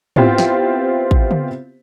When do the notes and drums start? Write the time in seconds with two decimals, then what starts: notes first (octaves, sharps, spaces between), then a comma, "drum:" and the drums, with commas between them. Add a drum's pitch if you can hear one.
0.16 B3 C4 E4 F4 G4 C5, drum: tom G#2
0.38 drum: snare
1.11 drum: kick
1.31 drum: tom